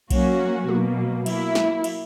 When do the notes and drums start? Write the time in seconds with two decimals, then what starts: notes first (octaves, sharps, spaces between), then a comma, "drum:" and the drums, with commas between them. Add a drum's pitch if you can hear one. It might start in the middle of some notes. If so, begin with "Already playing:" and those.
0.11 F#3 A#3 C#4 F#4, drum: kick B1, cymbal
0.69 B2 F#3 A#3, drum: tom
1.26 F#3 A#3 E4, drum: cymbal
1.55 drum: snare
1.84 drum: cymbal